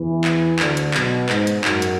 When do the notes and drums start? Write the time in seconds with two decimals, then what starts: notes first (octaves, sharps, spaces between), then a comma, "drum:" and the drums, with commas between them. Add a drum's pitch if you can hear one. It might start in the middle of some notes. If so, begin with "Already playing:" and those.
Already playing: E2 E3
0.24 drum: clap
0.59 D2 D3, drum: clap
0.77 drum: hi-hat
0.94 B1 B2, drum: clap
1.29 G#2, drum: clap
1.47 drum: hi-hat
1.64 F#2, drum: clap
1.82 drum: hi-hat